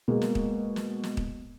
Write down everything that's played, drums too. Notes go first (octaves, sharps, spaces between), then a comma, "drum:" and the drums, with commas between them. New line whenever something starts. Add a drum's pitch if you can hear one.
B2 G#3 A#3
drum: snare
drum: kick
drum: snare
drum: snare
drum: kick